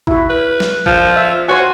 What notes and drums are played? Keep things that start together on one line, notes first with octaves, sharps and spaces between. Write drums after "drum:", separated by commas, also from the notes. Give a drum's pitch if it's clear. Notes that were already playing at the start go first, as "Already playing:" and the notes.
E4 F#4, drum: kick A1
B4
drum: snare
F3, drum: kick A1
E5
F#4 C5 C#5 G#5